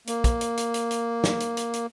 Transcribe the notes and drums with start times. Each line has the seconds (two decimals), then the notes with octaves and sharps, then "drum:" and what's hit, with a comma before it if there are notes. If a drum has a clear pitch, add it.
0.07 A#3, drum: hi-hat
0.24 drum: kick, hi-hat
0.41 drum: hi-hat
0.57 drum: hi-hat
0.74 drum: hi-hat
0.91 drum: hi-hat
1.24 drum: snare
1.40 drum: hi-hat
1.57 drum: hi-hat
1.73 drum: hi-hat